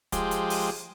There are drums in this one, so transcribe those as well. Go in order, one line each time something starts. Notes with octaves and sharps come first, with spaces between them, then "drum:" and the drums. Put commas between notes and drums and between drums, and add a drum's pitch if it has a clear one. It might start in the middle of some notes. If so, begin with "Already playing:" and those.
F3 G#3 G4, drum: kick, hi-hat
drum: hi-hat
drum: open hi-hat